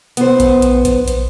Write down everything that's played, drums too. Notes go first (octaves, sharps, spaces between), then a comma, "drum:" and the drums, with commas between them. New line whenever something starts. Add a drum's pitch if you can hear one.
B3 C5, drum: hi-hat
drum: kick A#1, hi-hat
drum: hi-hat
drum: kick A#1, hi-hat
drum: hi-hat